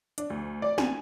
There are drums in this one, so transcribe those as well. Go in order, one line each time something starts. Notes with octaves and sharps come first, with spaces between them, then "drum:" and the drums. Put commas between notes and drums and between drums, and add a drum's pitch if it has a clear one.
D4, drum: hi-hat
D2
D5
G#5, drum: snare